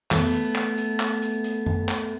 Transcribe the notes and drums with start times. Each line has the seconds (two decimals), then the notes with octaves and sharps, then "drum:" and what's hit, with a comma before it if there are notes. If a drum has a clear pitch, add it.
0.11 A3 B3, drum: clap
0.33 drum: hi-hat
0.55 drum: clap
0.78 drum: hi-hat
1.00 drum: clap
1.22 drum: hi-hat
1.44 drum: hi-hat
1.66 drum: tom F#2
1.89 drum: clap